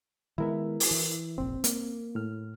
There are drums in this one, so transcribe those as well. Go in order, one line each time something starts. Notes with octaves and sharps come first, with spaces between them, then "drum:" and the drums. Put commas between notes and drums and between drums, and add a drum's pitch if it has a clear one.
D#3 G#3 B3 E4 A#4 E5
drum: open hi-hat
E3
F1 A#1 C4
A#3, drum: hi-hat
A2 F6